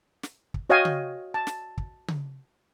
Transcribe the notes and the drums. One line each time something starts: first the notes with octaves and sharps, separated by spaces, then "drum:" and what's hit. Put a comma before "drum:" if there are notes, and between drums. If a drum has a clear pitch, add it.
drum: snare
drum: kick
F#4 C#5 D#5 F5 G5 G#5
drum: tom C#3
A5
drum: snare
drum: kick
drum: tom C#3